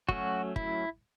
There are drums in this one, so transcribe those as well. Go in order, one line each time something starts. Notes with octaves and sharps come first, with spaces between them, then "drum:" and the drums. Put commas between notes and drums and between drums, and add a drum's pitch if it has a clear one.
F#3 A3 C#4 F#4, drum: kick
E4, drum: kick